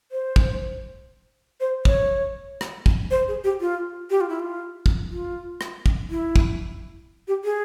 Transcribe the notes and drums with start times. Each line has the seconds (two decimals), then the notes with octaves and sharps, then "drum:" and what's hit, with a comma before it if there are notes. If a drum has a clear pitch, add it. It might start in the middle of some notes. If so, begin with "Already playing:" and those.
0.12 C5
0.36 drum: kick
1.60 C5
1.85 C#5, drum: kick
2.61 drum: rim click
2.86 drum: kick
3.11 C5
3.28 G#4
3.44 G4
3.61 F4
4.10 G4
4.21 F4
4.29 E4
4.40 F4
4.86 drum: kick
5.10 F4
5.61 drum: rim click
5.86 drum: kick
6.10 E4
6.36 drum: kick
7.28 G4
7.44 G#4